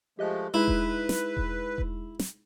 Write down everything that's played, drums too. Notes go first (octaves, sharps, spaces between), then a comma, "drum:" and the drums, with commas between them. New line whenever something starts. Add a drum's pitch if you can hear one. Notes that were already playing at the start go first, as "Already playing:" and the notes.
F3 G#3 A3 G4 D#5 F#6
G#3 D#4 E4 G#4 B4
drum: kick E1
drum: snare
drum: kick E1
drum: kick E1
drum: snare